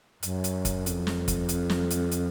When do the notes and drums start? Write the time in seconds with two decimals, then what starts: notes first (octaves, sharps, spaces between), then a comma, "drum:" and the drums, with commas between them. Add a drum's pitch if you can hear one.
0.23 F#2, drum: hi-hat
0.44 drum: hi-hat
0.65 drum: kick F#1, hi-hat
0.86 F2, drum: hi-hat
1.07 drum: snare
1.28 drum: kick F#1, hi-hat
1.49 drum: hi-hat
1.70 drum: snare
1.90 drum: hi-hat
2.11 drum: hi-hat